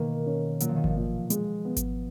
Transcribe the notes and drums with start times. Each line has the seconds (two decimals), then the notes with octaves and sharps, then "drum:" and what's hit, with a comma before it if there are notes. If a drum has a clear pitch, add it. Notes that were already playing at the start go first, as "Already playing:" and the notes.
Already playing: B2 D#3 A#3
0.26 C#4
0.60 A#2 F#3, drum: hi-hat
0.69 F3
0.76 D#3
0.84 F3, drum: kick G#1
0.96 A#2
1.30 G#3, drum: hi-hat
1.65 B3
1.77 drum: kick G#1, hi-hat